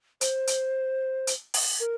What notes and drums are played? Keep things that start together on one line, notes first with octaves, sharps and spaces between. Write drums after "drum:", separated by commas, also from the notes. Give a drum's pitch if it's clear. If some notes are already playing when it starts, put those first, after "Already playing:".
C5, drum: hi-hat
drum: hi-hat
drum: hi-hat
drum: open hi-hat
A#4